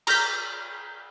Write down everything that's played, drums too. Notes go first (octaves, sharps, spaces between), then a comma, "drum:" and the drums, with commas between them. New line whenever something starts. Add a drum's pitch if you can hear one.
A#5 F6 G6 B6, drum: cymbal